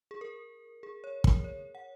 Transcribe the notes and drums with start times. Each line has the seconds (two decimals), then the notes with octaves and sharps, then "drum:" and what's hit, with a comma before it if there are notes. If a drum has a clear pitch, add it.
0.11 G#4
0.21 A#4
0.83 G#4
1.04 C#5
1.24 A#4, drum: kick
1.44 C#5
1.75 F#5